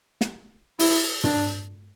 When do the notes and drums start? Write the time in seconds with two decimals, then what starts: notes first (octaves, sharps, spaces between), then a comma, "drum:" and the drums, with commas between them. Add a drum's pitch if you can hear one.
0.21 drum: snare
0.79 E4, drum: open hi-hat
1.24 D4, drum: tom